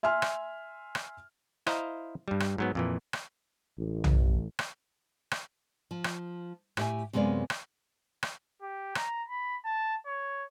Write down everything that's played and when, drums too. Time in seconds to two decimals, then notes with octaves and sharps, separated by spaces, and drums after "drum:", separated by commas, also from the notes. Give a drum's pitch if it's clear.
0.03 E5 G#5 C6 F6
0.22 drum: rim click
0.95 drum: rim click
1.67 E4 C5 D#5 F5 A#5, drum: rim click
2.28 G2 G3
2.40 drum: rim click
2.58 G#2 F#3 B3
2.75 F2 A#2 E3
3.13 drum: rim click
3.78 A1
4.04 drum: tom
4.59 drum: rim click
5.31 drum: rim click
5.91 F3
6.04 drum: rim click
6.77 A2 G4 E5 G#5, drum: rim click
7.13 F#2 C3 G#3 B3 D5 F5
7.50 drum: rim click
8.23 drum: rim click
8.62 G4
8.95 A#5, drum: rim click
9.29 B5
9.65 A5
10.06 C#5